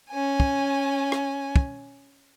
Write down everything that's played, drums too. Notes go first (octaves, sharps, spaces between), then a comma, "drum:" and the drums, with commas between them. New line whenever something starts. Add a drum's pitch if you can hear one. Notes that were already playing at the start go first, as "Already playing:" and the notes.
C#4 G#5
drum: kick
drum: rim click
drum: kick